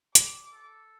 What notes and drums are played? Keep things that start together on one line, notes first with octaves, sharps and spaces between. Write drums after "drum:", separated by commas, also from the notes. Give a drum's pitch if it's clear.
D6, drum: hi-hat
A4